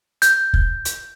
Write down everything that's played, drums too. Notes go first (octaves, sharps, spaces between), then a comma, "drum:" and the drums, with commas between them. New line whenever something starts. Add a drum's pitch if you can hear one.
G6, drum: hi-hat
drum: kick
drum: hi-hat